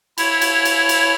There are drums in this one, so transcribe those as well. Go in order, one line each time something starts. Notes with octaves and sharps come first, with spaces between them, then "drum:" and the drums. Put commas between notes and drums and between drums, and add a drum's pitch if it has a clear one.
E4 C#5, drum: cymbal
drum: cymbal
drum: cymbal
drum: cymbal